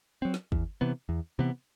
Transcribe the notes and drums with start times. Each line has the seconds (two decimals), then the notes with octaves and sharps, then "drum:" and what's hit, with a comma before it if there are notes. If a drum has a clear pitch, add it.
0.22 F#3 C4
0.34 drum: snare
0.52 E2, drum: kick
0.81 C3 E3 B3
1.09 E2
1.39 C3 E3 B3